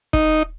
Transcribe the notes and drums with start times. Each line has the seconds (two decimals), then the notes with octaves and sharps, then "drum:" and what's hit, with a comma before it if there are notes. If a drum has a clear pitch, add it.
0.13 D#4, drum: kick